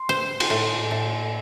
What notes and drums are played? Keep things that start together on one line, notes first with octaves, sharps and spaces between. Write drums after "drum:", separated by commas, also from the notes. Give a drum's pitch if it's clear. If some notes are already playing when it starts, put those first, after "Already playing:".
Already playing: C6
C5
drum: cymbal
A2
A2